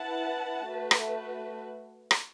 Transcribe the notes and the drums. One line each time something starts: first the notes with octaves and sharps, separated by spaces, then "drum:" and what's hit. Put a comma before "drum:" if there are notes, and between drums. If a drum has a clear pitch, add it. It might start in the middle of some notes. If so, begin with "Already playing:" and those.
Already playing: E4 B4 F#5 A5
A3 F#4 B4
drum: rim click
drum: rim click